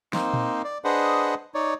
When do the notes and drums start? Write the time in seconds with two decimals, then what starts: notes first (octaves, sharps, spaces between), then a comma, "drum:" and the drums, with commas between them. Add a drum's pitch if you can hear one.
0.13 A#3 C4 D#4 C5, drum: snare
0.34 drum: tom A#2
0.64 D5
0.84 D4 G#4 B4 C5 D#5 F#5
1.54 D#4 C#5 D5